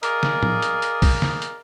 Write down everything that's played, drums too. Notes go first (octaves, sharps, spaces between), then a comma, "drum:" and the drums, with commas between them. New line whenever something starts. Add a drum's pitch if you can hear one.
G#4 A#4 D5 D#5 F5, drum: hi-hat
drum: snare
drum: tom
drum: hi-hat
drum: hi-hat
drum: kick, open hi-hat
drum: snare
drum: hi-hat